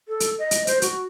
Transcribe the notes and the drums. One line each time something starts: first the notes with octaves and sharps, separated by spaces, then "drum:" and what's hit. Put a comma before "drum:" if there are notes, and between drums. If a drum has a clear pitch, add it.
A4
drum: hi-hat
D#5
drum: hi-hat
C5, drum: hi-hat
F#4, drum: hi-hat